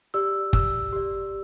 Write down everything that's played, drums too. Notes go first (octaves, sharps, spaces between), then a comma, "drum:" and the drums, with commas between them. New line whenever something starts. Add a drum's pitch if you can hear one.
G4 D5 E6
E6, drum: kick
G4 D5